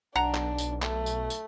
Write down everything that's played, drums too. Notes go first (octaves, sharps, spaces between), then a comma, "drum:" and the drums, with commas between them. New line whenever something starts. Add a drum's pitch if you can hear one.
B1 D4 F#5 A#5
drum: clap
drum: tambourine
A3, drum: clap
drum: tambourine
drum: tambourine